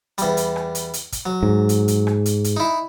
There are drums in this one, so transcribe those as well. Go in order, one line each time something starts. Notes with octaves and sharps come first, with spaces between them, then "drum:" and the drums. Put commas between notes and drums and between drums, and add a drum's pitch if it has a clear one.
E2 G3, drum: hi-hat
drum: hi-hat
drum: rim click
drum: hi-hat
drum: hi-hat
drum: kick, hi-hat
F#3
G#2
drum: hi-hat
drum: hi-hat
drum: rim click
drum: hi-hat
drum: hi-hat
D#4 E4